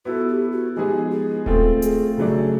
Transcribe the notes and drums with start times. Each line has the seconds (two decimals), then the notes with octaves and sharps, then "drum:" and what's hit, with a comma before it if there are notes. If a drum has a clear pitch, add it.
0.05 B3 E4 F#4 A4
0.29 G4
0.52 F#4
0.76 F3 G#3 B3 D#4 G4 G#4
1.12 G#4
1.46 A3 C4 F4 A4, drum: kick D#1
1.82 G#4, drum: hi-hat
2.17 C#3 F#3 A3 D4 G#4